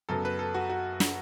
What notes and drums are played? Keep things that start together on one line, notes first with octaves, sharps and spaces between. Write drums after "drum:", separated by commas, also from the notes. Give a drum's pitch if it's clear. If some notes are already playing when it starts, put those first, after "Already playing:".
F#2 C#3 F#3 B3 A4
B4
A4
F#4
F#4
drum: snare